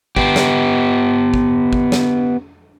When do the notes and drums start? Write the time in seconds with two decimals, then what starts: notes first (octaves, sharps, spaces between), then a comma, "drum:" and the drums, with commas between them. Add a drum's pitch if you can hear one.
0.16 B3 G4, drum: kick
0.36 drum: snare
1.34 drum: kick
1.73 drum: kick
1.92 drum: snare